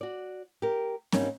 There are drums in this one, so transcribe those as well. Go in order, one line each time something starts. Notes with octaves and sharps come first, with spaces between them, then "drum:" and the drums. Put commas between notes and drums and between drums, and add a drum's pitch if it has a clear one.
F#4 D5
G4 A#4
G#2 G3 A#3 C#4 D#4, drum: snare C4